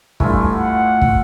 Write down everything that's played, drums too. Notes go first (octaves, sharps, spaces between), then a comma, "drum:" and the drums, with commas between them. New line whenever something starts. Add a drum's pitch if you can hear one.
G2 A3 E4 F4 G#5, drum: kick
F#5
drum: kick